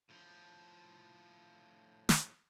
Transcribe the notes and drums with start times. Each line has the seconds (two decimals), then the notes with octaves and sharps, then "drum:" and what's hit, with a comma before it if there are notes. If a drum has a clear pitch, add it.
0.09 A2 F3
2.09 drum: snare